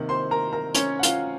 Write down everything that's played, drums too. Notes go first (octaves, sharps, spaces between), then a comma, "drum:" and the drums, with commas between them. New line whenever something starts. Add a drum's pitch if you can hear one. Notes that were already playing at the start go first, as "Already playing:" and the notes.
Already playing: C3 D#3 A#3
C5 C6
A#4 A#5
A#4 A#5
C#4 C#5, drum: hi-hat
F#5
F4 F5, drum: hi-hat